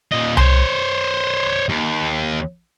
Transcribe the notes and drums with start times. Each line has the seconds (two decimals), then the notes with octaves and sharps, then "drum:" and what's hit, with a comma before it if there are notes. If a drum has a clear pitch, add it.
0.12 A#2 D#5
0.37 C5 C#5, drum: tom C2
1.69 D#2